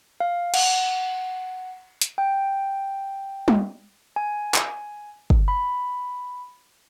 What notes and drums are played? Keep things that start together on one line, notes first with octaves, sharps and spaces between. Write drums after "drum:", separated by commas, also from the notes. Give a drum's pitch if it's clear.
F5
F#5, drum: cymbal
drum: hi-hat
G5
drum: tom
G#5
drum: clap
drum: kick
B5